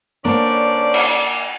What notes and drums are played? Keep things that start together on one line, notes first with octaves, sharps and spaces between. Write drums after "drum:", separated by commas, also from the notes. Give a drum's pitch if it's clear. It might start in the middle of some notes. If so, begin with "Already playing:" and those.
D3 A#3 C#4 D4 C5 D5
drum: cymbal